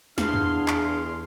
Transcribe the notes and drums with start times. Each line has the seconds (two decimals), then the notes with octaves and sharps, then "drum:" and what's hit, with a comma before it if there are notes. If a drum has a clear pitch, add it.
0.18 E2 D4 G#4 F5 C6, drum: snare
0.34 drum: tom E2
0.68 drum: clap